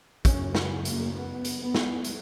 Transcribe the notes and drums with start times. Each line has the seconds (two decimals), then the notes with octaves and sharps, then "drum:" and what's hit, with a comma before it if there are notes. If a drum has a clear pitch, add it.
0.25 F#2 C#3 C#4, drum: kick, hi-hat
0.55 B3, drum: snare
0.85 A#3, drum: hi-hat
1.14 B3
1.45 drum: hi-hat
1.60 B3
1.74 drum: snare
2.04 drum: hi-hat